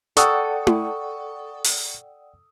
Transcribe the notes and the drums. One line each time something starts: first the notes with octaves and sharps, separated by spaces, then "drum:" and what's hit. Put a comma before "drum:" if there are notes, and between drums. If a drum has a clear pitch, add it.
A4 D5 F#5 G5 C#6 D#6 E6, drum: hi-hat
drum: tom E4
drum: open hi-hat